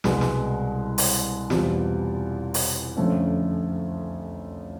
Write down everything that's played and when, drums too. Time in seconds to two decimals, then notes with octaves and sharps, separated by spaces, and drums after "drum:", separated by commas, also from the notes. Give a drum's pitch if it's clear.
0.04 C2 B2 G#3 B3, drum: snare
0.21 drum: snare
0.98 drum: open hi-hat
1.50 E2 B2 G3 C4 F4, drum: snare
2.54 drum: open hi-hat
2.97 F2 D3 F3 A3 C#4